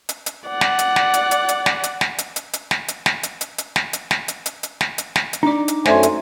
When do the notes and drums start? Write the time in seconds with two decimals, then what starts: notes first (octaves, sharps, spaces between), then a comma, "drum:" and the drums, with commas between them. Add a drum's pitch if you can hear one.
0.09 drum: hi-hat
0.26 drum: hi-hat
0.49 D5 F#5
0.61 drum: snare
0.79 drum: hi-hat
0.96 drum: snare
1.14 drum: hi-hat
1.31 drum: hi-hat
1.49 drum: hi-hat
1.66 drum: snare
1.84 drum: hi-hat
2.01 drum: snare
2.18 drum: hi-hat
2.36 drum: hi-hat
2.53 drum: hi-hat
2.71 drum: snare
2.88 drum: hi-hat
3.06 drum: snare
3.23 drum: hi-hat
3.41 drum: hi-hat
3.58 drum: hi-hat
3.76 drum: snare
3.93 drum: hi-hat
4.11 drum: snare
4.28 drum: hi-hat
4.46 drum: hi-hat
4.63 drum: hi-hat
4.81 drum: snare
4.98 drum: hi-hat
5.16 drum: snare
5.33 drum: hi-hat
5.43 D4 D#4 D5 D6
5.68 drum: hi-hat
5.85 F#2 A3 C5 D5 G#5 C6, drum: snare
6.03 drum: hi-hat